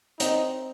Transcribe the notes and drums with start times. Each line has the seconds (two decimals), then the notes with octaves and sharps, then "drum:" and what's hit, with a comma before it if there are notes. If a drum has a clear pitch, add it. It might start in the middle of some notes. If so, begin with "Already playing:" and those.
0.20 C4 D#4, drum: hi-hat